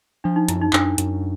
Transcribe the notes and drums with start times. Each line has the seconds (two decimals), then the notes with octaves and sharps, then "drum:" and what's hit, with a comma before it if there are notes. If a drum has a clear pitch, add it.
0.24 F3 D4
0.36 D#4
0.48 F#2 E4, drum: hi-hat
0.62 D#4
0.73 F#2 D4, drum: clap
0.98 F#2, drum: hi-hat